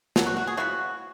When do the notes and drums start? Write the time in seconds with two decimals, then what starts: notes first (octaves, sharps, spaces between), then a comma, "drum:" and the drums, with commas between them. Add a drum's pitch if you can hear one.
0.16 B2 F#3, drum: snare
0.26 F#4
0.37 F#4
0.47 G#4
0.57 C#3 E3 B3 F#4